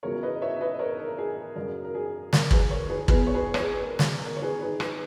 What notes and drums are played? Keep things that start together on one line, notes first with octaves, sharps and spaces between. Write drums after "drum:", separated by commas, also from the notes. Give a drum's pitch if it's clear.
E2 C#3 F#3 B3 E4 A#4 C#5
B4 D#5
C#5 E5
E5
B4 D#5
A#4 C#5
A#4
A#4
G#4
A#4
F#2 C#3 F#3 A#4
A#4
G#4
A#4, drum: snare
G#4 B4, drum: kick
A#4 C#5
G#4 B4
E2 B2 G#3 B3 G#4 B4, drum: kick
C#5
G#4 B4
C#5, drum: rim click
G#4 B4
A#4
drum: snare
A#4
C#5
G#4 B4
D#3 G#3 D#4 G#4 B4
G#4 B4, drum: rim click